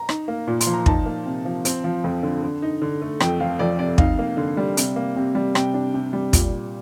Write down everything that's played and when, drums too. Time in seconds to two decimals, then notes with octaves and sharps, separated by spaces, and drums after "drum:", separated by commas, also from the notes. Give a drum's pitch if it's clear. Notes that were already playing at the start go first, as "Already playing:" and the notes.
Already playing: A#5
0.09 D#4, drum: rim click
0.28 A#3
0.47 A#2
0.61 C6, drum: hi-hat
0.67 F3
0.73 A#5
0.86 D#4 A5, drum: kick
1.06 A#3
1.26 C3
1.45 F3
1.65 C4, drum: hi-hat
1.84 F3
2.04 F2
2.23 D3
2.42 D3
2.62 D#4
2.82 D3
3.02 A3
3.20 F2 G5, drum: rim click
3.40 F3 F5
3.59 F2 D5
3.79 C3 D5
3.98 D#4 F5, drum: kick
4.19 A#3
4.37 D3
4.57 G3
4.77 C3, drum: hi-hat
4.96 A#3
5.16 C3
5.35 G3
5.55 C3 G5, drum: rim click
5.74 D4
5.94 C3
6.13 G3
6.33 A#2, drum: kick, hi-hat